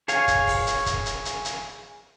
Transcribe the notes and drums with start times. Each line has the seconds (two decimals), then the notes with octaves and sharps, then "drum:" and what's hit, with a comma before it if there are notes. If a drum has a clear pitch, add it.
0.08 G#4 C#5 F5 G#5, drum: hi-hat
0.28 drum: kick, hi-hat
0.47 drum: kick, open hi-hat
0.67 drum: hi-hat
0.86 drum: kick, hi-hat
1.06 drum: hi-hat
1.25 drum: hi-hat
1.45 drum: hi-hat